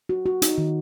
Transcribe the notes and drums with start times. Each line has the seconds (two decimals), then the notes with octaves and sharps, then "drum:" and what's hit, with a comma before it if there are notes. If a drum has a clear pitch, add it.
0.09 F#4
0.26 F#4
0.42 D#4, drum: hi-hat
0.58 D#3